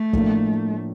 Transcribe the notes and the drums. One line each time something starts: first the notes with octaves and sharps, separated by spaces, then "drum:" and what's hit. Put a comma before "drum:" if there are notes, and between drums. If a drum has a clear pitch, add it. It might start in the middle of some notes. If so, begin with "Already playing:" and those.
Already playing: A3
A2 F3 A#3 D4, drum: kick